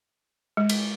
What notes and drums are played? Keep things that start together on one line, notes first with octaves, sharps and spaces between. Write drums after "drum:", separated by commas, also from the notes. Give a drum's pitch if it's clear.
G#3
drum: cymbal